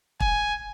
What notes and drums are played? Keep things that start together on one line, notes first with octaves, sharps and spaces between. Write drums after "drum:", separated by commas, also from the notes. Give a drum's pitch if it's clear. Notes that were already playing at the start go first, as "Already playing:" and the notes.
G#5, drum: kick